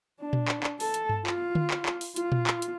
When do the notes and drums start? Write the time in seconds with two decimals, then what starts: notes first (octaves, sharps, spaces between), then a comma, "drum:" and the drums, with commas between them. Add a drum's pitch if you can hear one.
0.20 D4
0.33 drum: tom A#2
0.48 drum: clap
0.63 drum: clap
0.80 A4, drum: open hi-hat
0.94 drum: hi-hat
1.09 drum: tom G2
1.27 F4, drum: clap
1.55 drum: tom D3
1.70 drum: clap
1.86 drum: clap
2.01 drum: open hi-hat
2.16 F4, drum: hi-hat
2.32 drum: tom A#2
2.47 drum: clap
2.62 drum: hi-hat